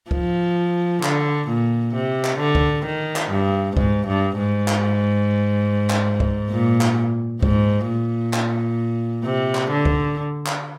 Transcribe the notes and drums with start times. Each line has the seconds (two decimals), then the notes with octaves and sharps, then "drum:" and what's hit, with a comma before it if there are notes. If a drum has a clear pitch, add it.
0.11 F3, drum: kick
1.03 D3, drum: clap
1.48 A#2
1.95 C3
2.25 drum: clap
2.39 D3
2.55 drum: kick
2.86 D#3
3.16 drum: clap
3.31 G2
3.77 G#2, drum: kick
4.07 G2
4.38 G#2
4.68 drum: clap
5.90 drum: clap
6.20 drum: kick
6.50 A#2
6.81 drum: clap
7.42 G#2, drum: kick
7.88 A#2
8.33 drum: clap
9.24 C3
9.55 drum: clap
9.71 D3
9.85 drum: kick
10.46 drum: clap